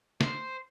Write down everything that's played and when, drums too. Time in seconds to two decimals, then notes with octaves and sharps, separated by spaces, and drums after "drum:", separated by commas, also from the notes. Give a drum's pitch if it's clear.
0.21 C5, drum: snare